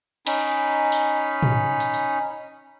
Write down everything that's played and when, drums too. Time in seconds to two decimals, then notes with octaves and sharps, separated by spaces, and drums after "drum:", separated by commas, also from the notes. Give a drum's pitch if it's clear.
0.27 C#4 D#4 B5, drum: cymbal
0.92 drum: tambourine
1.43 drum: tom
1.80 drum: hi-hat
1.94 drum: hi-hat